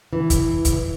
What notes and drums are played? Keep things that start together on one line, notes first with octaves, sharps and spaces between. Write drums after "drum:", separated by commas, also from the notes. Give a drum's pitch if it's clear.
E3
drum: kick, hi-hat
drum: kick, hi-hat